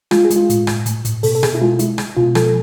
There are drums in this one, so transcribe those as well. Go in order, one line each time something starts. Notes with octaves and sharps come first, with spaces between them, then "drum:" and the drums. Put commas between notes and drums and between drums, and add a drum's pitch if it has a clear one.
G#3 F4, drum: rim click
G#4
G#3, drum: hi-hat
F4
A2, drum: hi-hat
A2, drum: rim click
A2, drum: hi-hat
A2, drum: hi-hat
B2 A4, drum: open hi-hat
A4
B2 G#4, drum: rim click
E4
G#3 F4
G#3 E4, drum: hi-hat
G#3, drum: rim click
B2 F4
F3 A4, drum: rim click